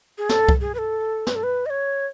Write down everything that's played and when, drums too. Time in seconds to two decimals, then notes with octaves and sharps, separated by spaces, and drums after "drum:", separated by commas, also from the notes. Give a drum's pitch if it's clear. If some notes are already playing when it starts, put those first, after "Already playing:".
0.18 G#4
0.29 A4, drum: snare
0.49 drum: kick C2
0.61 G#4
0.75 B4
0.78 A4
1.27 B4, drum: snare
1.35 A4
1.43 B4
1.66 D#5
1.70 C#5